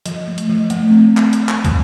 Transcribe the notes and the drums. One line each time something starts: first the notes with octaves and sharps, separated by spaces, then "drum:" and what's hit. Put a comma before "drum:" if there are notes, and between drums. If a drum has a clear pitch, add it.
F3, drum: hi-hat
A3
drum: hi-hat
F3
A3, drum: hi-hat
C4
drum: clap
drum: hi-hat
drum: clap
drum: kick, hi-hat